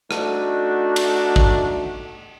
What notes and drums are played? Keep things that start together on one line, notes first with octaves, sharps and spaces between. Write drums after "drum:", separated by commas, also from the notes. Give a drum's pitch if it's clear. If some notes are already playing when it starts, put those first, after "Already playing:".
A3 D4 D#4 F#4, drum: rim click
drum: cymbal
drum: kick